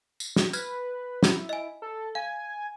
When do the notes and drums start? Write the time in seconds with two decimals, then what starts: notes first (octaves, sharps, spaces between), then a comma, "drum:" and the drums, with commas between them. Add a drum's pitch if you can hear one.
0.20 drum: tambourine
0.36 drum: snare
0.53 B4 F6 G#6, drum: tambourine
1.23 E4, drum: snare
1.49 D#5 G#5
1.82 A4
2.15 F5 G#5